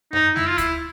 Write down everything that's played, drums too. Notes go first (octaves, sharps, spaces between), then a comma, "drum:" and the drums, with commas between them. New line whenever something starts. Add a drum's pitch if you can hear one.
D#4, drum: tom F#2
E4, drum: snare G#3
F4
E4, drum: kick D2, hi-hat